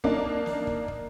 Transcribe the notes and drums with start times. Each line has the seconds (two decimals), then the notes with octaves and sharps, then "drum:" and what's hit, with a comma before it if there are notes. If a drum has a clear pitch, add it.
0.04 A#3 D4 D#4, drum: kick
0.46 drum: snare
0.67 drum: kick
0.88 drum: kick